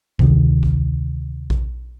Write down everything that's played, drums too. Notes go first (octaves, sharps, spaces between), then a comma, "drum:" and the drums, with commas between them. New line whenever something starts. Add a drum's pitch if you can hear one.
D2 C3 D#3, drum: kick A#1
drum: kick A#1
drum: kick A#1